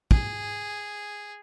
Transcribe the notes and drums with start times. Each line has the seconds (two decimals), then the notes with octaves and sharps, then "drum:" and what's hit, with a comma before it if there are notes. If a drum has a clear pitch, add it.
0.11 G#4, drum: kick